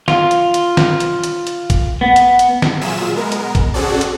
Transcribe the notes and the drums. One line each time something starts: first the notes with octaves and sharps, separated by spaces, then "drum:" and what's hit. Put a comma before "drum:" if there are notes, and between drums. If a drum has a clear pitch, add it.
F4, drum: snare
drum: hi-hat
drum: hi-hat
drum: snare
drum: hi-hat
drum: hi-hat
drum: hi-hat
drum: kick, hi-hat
B3
drum: hi-hat
drum: hi-hat
drum: snare
A#2 F#3 F4 G#4 E5 E7
G#3 B3 A#4
drum: hi-hat
drum: kick, hi-hat
C4 C#4 F#4 G#4 A4 D5
drum: hi-hat